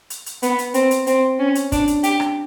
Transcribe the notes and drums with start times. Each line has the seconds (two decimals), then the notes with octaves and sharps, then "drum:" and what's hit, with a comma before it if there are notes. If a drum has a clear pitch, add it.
0.10 drum: hi-hat
0.26 drum: hi-hat
0.43 B3, drum: hi-hat
0.59 drum: hi-hat
0.74 C4, drum: hi-hat
0.91 drum: hi-hat
1.07 C4, drum: hi-hat
1.39 C#4
1.55 drum: hi-hat
1.72 D4, drum: kick, hi-hat
1.88 drum: hi-hat
2.03 G4, drum: hi-hat
2.20 drum: rim click